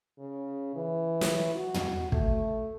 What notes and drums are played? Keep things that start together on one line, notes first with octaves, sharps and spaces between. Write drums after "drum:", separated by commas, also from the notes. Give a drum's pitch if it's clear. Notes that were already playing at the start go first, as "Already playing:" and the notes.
C#3
E3
drum: snare
F#4
drum: tom
A3, drum: kick